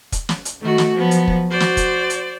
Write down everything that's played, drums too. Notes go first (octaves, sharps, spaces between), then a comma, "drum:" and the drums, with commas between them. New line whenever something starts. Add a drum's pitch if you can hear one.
drum: kick, hi-hat
drum: snare
drum: hi-hat
D#3 A3 F#4
drum: snare
F3 F#3 B3
drum: hi-hat
drum: kick
F#4 C5 D5
drum: snare
drum: kick, hi-hat
drum: hi-hat